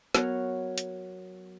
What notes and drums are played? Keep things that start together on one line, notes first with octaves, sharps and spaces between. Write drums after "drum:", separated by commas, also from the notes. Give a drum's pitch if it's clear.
F#3 B3 F#4 A#4 C#5 F6, drum: snare
drum: hi-hat